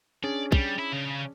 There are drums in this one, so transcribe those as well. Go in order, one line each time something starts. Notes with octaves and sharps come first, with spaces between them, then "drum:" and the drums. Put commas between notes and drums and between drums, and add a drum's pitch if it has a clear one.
C#4 D4 G#4 D5
G3, drum: kick
E4
C#3